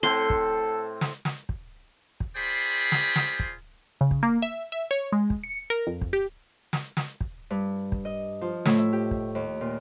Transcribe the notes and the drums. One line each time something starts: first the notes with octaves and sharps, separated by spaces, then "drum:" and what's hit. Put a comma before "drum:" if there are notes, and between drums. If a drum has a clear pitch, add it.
A2 C4 A4 C6
drum: kick
drum: snare
drum: snare
drum: kick
drum: kick
F4 G#4 C5 D5 G5 B5
drum: snare
drum: snare
drum: kick
C#3
drum: kick
A#3
E5
E5
C#5
G#3
drum: kick
C#7
A#4
F2
drum: kick
G4
drum: snare
drum: snare
drum: kick
G2
drum: kick
D#5
F3
A2, drum: snare
E5
G4
drum: kick
D#2
A#2